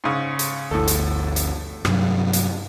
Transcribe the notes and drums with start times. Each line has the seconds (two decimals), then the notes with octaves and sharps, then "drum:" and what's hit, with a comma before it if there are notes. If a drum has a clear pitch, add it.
0.04 G#2 C#3
0.39 drum: hi-hat
0.71 G1 D2 A2 A4
0.88 drum: hi-hat
1.36 drum: hi-hat
1.85 G2 C3 F#3, drum: rim click
2.33 drum: hi-hat